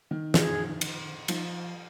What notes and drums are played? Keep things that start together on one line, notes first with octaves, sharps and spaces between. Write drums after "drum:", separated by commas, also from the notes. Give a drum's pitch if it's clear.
D#3
G#4, drum: snare
drum: cymbal
F3 D#4, drum: cymbal